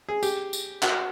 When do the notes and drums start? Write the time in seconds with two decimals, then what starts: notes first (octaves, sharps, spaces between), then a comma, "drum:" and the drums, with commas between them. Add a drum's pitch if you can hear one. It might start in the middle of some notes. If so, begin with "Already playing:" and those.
0.09 G#4
0.23 G4, drum: tambourine
0.53 drum: tambourine
0.83 F#4, drum: clap